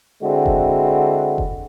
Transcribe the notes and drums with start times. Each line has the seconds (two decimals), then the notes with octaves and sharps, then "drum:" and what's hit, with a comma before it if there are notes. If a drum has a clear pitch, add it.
0.23 D3 G#3 C4 E4 F#4
0.46 drum: kick F1
1.38 drum: kick F1